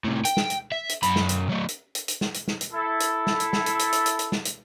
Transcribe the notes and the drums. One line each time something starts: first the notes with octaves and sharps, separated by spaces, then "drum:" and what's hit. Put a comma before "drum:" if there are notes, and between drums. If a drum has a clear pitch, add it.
A2 C3
G5, drum: hi-hat
drum: snare
drum: hi-hat
E5
drum: hi-hat
F#2 B5, drum: hi-hat
drum: snare
drum: hi-hat
F#3 A3
drum: hi-hat
drum: hi-hat
drum: hi-hat
drum: snare
drum: hi-hat
drum: snare
drum: hi-hat
E4 A4
drum: hi-hat
drum: snare
drum: hi-hat
drum: snare
drum: hi-hat
drum: hi-hat
drum: hi-hat
drum: hi-hat
drum: hi-hat
drum: snare
drum: hi-hat